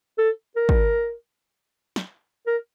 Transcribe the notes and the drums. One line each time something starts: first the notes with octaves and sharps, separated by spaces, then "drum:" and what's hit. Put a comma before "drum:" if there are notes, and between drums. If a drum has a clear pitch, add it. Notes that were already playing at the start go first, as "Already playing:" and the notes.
A4
A#4
drum: kick
drum: snare
A#4